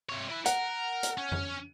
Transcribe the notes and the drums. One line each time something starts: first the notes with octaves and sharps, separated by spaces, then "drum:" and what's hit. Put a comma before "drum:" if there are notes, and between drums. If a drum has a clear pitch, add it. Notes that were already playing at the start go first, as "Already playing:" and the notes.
C3 C#5
E3 B4
A#4 F#5, drum: hi-hat
drum: hi-hat
C#4
drum: tom F2